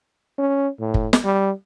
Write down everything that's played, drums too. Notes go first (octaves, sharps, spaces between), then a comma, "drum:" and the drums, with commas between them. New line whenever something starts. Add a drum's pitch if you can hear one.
C#4
A2
drum: kick
drum: snare
G3